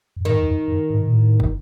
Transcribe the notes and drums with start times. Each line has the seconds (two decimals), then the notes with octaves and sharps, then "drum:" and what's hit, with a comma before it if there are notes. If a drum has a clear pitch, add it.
0.16 F#2
0.25 G2 D#3
0.39 E2
0.46 F2
0.68 F#2
0.90 G#2
1.03 A#2
1.11 A2
1.40 drum: kick